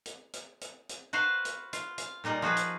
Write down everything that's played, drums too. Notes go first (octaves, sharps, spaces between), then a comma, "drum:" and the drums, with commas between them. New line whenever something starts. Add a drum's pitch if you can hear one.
drum: hi-hat
drum: hi-hat
drum: hi-hat
drum: hi-hat
F#4 B4 C5 F5
drum: hi-hat
F4, drum: hi-hat
F5, drum: hi-hat
A#2 G3 D#4 A#4 D#5
F3 F#4 G#4 B4
drum: hi-hat